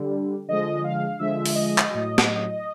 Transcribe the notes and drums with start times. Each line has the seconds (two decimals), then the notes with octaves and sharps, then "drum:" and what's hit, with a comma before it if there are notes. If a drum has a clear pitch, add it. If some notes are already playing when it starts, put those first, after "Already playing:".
Already playing: D3 G3
0.48 D3 F3 G#3 D#5
0.84 F5
1.19 D3 F3 G#3 E5
1.46 drum: open hi-hat
1.55 D#5
1.78 drum: clap
1.90 A2 F#3
2.18 drum: snare